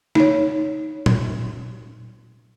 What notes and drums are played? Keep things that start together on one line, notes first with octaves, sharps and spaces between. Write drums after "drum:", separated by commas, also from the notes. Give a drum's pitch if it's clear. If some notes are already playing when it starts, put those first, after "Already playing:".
D#4 C#5, drum: snare
drum: tom A#2